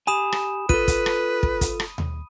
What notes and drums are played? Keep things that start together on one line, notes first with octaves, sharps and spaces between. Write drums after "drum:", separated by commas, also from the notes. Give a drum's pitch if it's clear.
G4 G#5 B5 D#6 E7
drum: rim click
F4 A4 B4 D#7, drum: kick
drum: kick, hi-hat
drum: rim click
drum: kick
drum: kick, hi-hat
drum: rim click
drum: tom D#2